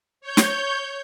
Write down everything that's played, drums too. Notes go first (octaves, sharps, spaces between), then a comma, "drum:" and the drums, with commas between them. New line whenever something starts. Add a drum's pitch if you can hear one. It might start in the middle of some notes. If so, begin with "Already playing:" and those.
C#5 G6
drum: snare